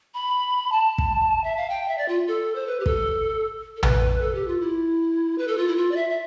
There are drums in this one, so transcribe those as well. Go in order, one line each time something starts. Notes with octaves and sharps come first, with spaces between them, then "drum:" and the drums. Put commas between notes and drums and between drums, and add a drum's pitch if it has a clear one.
B5
A5
drum: kick
E5
F5
G5
E5
D5
F4
A4
C5
B4
G4
A4, drum: kick
A4
B4, drum: tom A#1
A4
G4
F4
E4
B4
A4
F4
E4
F4
D5
E5
E5